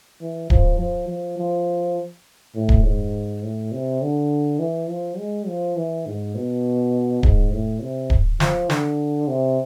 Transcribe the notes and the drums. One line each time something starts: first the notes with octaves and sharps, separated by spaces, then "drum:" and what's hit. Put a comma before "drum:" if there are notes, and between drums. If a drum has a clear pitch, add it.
E3
F3, drum: kick D1
F3
F3
F3
A2
drum: kick D1
G#2
A2
C3
D3
E3
F3
G#3
F3
E3
G#2
B2
G#2, drum: kick D1
A2
C3
drum: kick D1
F3, drum: snare
D3, drum: snare
C3